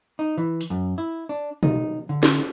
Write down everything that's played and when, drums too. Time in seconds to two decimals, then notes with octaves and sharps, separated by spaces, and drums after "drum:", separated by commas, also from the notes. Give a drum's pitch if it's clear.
0.19 D#4
0.38 E3
0.61 drum: hi-hat
0.70 F#2
0.98 E4
1.29 D4
1.63 D#4, drum: tom B2
2.09 D3
2.23 drum: snare